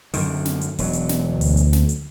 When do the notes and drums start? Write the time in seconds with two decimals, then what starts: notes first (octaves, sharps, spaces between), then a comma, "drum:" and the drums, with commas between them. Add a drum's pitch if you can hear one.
0.14 F#2 D3 D#3, drum: open hi-hat
0.45 drum: snare
0.61 drum: hi-hat
0.79 E1 F#3, drum: open hi-hat
0.93 drum: hi-hat
1.09 drum: snare
1.31 D2
1.41 drum: open hi-hat
1.57 drum: hi-hat
1.73 drum: snare
1.89 drum: hi-hat